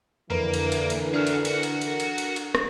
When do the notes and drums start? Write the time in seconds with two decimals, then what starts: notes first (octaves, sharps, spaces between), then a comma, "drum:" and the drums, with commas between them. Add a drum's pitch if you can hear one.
0.30 F2 D3 E3 A#3 A#4 B4
0.54 drum: cymbal
0.72 drum: cymbal
0.90 drum: cymbal
1.14 D4 F#4 G#4 A4 F6
1.27 drum: cymbal
1.45 F#4 F#5, drum: cymbal
1.63 drum: cymbal
1.81 drum: cymbal
2.00 drum: cymbal
2.18 drum: cymbal
2.36 drum: cymbal
2.55 drum: rim click